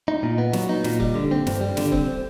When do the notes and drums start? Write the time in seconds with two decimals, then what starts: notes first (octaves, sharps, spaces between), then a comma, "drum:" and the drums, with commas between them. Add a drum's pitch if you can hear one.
0.08 D#4
0.23 A#2
0.38 B3
0.53 F#3, drum: snare
0.69 D#4
0.84 A#2, drum: snare
1.00 G3, drum: kick C#1
1.15 D3
1.31 C4
1.47 G2, drum: snare
1.61 G3
1.77 D3, drum: snare
1.92 C4, drum: kick C#1